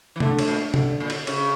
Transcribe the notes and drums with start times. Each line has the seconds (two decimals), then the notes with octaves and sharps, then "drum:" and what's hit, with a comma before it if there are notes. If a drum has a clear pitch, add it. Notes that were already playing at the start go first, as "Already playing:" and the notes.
0.16 E3
0.20 D3 A3, drum: tom
0.39 drum: cymbal
0.48 A#2
0.74 D3, drum: tom
1.00 A#2
1.10 drum: cymbal
1.27 C#3, drum: cymbal